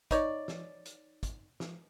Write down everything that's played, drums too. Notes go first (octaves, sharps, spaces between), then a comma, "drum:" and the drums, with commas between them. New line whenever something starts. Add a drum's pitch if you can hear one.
D#4 C#5 D5, drum: kick, hi-hat
drum: snare
drum: hi-hat
drum: kick, hi-hat
drum: snare